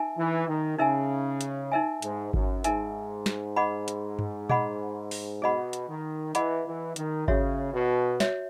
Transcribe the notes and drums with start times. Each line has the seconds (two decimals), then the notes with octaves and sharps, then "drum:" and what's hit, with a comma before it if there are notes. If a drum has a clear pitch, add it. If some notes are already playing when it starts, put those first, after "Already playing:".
Already playing: D#4 A#4 E5 G#5
0.17 E3
0.48 D#3
0.78 C#3 D#4 A#4 E5 G#5
1.41 drum: hi-hat
1.72 D#4 A#4 E5 G#5
2.02 G#2, drum: hi-hat
2.34 F#2, drum: kick G#1
2.64 G#2 D#4 A#4 E5 G#5, drum: hi-hat
3.26 drum: snare
3.56 G#4 D#5 F#5 B5
3.88 drum: hi-hat
4.19 drum: tom G2
4.49 G#4 D#5 F#5 B5, drum: tom A#2
5.11 drum: open hi-hat
5.42 B2 G#4 D#5 F#5 B5
5.73 drum: hi-hat
5.88 D#3
6.35 E3 G#4 D#5 F#5 B5, drum: hi-hat
6.66 E3
6.96 D#3, drum: hi-hat
7.28 C#3 F#4 C#5 E5, drum: kick G#1
7.74 B2
8.20 F#4 C#5 E5, drum: snare